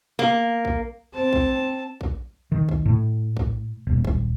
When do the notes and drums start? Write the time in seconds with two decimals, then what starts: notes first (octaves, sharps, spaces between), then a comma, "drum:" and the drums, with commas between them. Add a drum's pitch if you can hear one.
0.19 A#3
0.65 drum: kick A#1
1.14 C4 A5
1.33 drum: kick A#1
2.01 drum: kick A#1
2.52 D#3
2.69 drum: kick A#1
2.86 A2
3.37 drum: kick A#1
3.87 D#1
4.05 drum: kick A#1